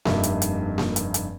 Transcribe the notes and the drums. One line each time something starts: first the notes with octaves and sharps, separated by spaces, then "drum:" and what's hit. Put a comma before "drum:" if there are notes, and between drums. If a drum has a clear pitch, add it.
F1 G2 C3 A#3 D#4 E5, drum: snare A#3
drum: hi-hat
drum: hi-hat
drum: snare A#3
drum: hi-hat
drum: hi-hat